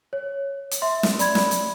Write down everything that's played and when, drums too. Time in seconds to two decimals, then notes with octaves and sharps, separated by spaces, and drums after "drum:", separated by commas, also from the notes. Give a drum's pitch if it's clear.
0.13 C#5
0.71 drum: hi-hat
0.82 E5 C6
1.03 drum: snare
1.19 D5 B5 G#6, drum: hi-hat
1.35 drum: snare
1.51 drum: hi-hat